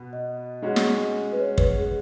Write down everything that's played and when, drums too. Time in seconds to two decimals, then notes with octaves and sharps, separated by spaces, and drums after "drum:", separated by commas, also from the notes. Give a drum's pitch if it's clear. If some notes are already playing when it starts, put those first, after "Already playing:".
Already playing: B2 B3
0.13 D#5
0.62 G#3 C#4 F#4 D#5
0.76 drum: snare
1.32 B4
1.39 C#5
1.58 B4, drum: kick
1.77 G#4